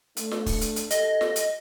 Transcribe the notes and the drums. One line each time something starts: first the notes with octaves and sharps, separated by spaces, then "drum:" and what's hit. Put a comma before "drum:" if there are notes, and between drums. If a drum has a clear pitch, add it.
A3 D4, drum: hi-hat
drum: snare
drum: kick, open hi-hat
drum: hi-hat
drum: hi-hat
G4 A4 D#5, drum: hi-hat
drum: snare
drum: hi-hat